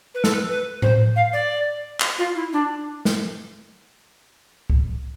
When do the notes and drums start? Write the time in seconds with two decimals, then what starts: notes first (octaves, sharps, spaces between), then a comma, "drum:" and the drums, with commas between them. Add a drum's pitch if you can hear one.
0.15 B4
0.24 A4, drum: snare
0.34 B4
0.49 B4
0.82 C5, drum: tom A2
1.16 F5
1.33 D5
2.00 drum: clap
2.18 F4
2.35 E4
2.53 D4
3.05 drum: snare
4.70 drum: kick C2